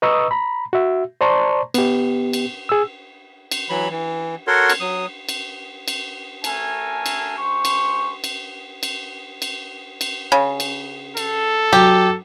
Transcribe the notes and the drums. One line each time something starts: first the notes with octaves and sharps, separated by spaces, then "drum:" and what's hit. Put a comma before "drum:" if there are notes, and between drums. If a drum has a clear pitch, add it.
B4 D#5 A#5 C#6 D#6 E6
A#5 B5
F#4 E5
C5 D5 A5 A#5 C6 C#6
B3 G4, drum: cymbal
drum: cymbal
G#4 E6
drum: cymbal
E3 F#3 B5
E3
F#4 A4 A#4 C#5 F#5 C6
drum: cymbal
F#3 D#6
drum: cymbal
drum: cymbal
A3 C#4 A4 A#4 G#5, drum: cymbal
drum: cymbal
G#3 C5 C#6
drum: cymbal
drum: cymbal
drum: cymbal
drum: cymbal
drum: cymbal
C#3
drum: cymbal
A4, drum: cymbal
F#3 G4